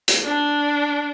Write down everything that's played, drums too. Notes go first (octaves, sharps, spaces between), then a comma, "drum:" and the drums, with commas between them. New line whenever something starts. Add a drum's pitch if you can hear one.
drum: hi-hat
D4